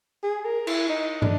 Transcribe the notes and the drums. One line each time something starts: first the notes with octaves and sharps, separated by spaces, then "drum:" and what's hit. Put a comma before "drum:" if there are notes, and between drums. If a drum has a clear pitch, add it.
G#4
A#4
E4, drum: cymbal
D#4
D4, drum: tom